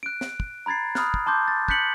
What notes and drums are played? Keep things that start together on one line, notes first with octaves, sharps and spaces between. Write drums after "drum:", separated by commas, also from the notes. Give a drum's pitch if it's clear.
F#6 D7
drum: snare
drum: kick
A#5 B5 G#6 A6 C7
B5 D#6 F6 F#6, drum: snare
drum: kick
A5 C6 D6 G6
A6
F#6 G6 B6 C#7 F#7, drum: kick